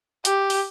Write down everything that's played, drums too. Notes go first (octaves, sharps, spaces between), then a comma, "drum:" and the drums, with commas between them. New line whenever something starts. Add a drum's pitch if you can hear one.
G4, drum: hi-hat
drum: open hi-hat